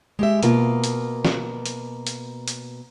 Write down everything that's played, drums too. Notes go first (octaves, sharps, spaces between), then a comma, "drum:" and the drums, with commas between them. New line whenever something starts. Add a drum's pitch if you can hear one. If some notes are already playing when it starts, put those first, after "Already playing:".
G#3 G4 E5
B2 A#3 F4, drum: hi-hat
drum: hi-hat
drum: snare
drum: hi-hat
drum: hi-hat
drum: hi-hat